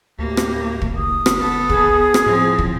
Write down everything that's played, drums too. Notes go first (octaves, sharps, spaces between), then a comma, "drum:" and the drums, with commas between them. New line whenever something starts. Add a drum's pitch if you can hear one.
D2 A2 A#3 G4
drum: rim click
drum: kick
F#1 D#6
drum: rim click
B3 A4
G#4, drum: kick
drum: rim click
A2 F3 C4
drum: kick